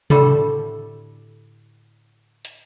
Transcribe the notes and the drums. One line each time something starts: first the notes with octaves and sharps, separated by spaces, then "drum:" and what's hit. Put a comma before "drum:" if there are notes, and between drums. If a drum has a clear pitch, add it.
A2 D3 G3 A4, drum: tom C3
drum: hi-hat